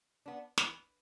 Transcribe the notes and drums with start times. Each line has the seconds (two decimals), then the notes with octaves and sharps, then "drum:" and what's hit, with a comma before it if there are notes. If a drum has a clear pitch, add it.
0.26 B3 D4
0.58 E3 B3, drum: snare